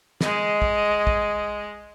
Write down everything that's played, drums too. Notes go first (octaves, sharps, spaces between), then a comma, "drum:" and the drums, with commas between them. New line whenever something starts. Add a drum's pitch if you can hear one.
G#3 D#5, drum: snare
drum: kick
drum: kick